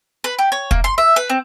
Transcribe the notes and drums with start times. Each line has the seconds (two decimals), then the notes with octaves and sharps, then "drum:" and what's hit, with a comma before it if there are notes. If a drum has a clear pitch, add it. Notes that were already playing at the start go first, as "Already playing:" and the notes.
0.24 B4
0.39 G4
0.52 C#5
0.71 A#3, drum: kick
0.84 C6
0.98 E5
1.16 B4
1.30 C4